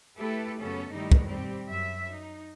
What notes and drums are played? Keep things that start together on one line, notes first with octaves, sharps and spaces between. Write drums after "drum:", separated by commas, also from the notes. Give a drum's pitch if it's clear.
A3 E4 G4 A4 B4
F#2 C#3 B3 C#4 A4
G2 D#3 G3 A3 D#4 E4
drum: kick
G3 C4 G4
F#2 E5
D#4